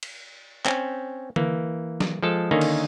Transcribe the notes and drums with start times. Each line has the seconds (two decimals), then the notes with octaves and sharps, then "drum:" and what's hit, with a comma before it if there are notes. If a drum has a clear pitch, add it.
0.03 drum: cymbal
0.65 C4 C#4, drum: clap
1.36 E3 A#3, drum: tom D3
2.00 drum: snare F#3
2.23 F3 G#3 A4 A5
2.51 D3 D#3 A#3 C#4 D#4
2.61 drum: cymbal